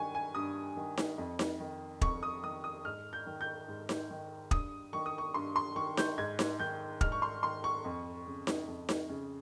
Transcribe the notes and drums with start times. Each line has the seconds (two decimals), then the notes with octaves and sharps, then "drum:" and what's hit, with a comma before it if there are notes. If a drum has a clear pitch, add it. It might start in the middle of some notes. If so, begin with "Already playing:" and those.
Already playing: G2 D#3 G#5 C#6
0.15 G#5
0.35 G2 D#6
0.76 D#3
0.97 drum: snare D#4
1.18 F2
1.39 drum: snare D#4
1.60 D#3
2.01 F2 C#6, drum: kick
2.23 D#6
2.43 D#3 D#6
2.64 D#6
2.85 G#2 F6
3.13 G6
3.26 D#3
3.41 G6
3.68 G#2
3.89 drum: snare D#4
4.10 D#3
4.51 G2 D#6, drum: kick
4.93 D#3 C#6
5.06 D#6
5.18 C#6
5.34 G2 C6
5.56 C6
5.76 D#3 C#6
5.97 G6, drum: snare D#4
6.18 G#2 G#6
6.39 drum: snare D#4
6.59 D#3 G6
7.01 G#2 F6, drum: kick
7.12 C#6
7.22 C6
7.43 D#3 C6
7.64 C#6
7.84 F2
8.26 C#3
8.47 drum: snare D#4
8.67 F2
8.89 drum: snare D#4
9.09 C#3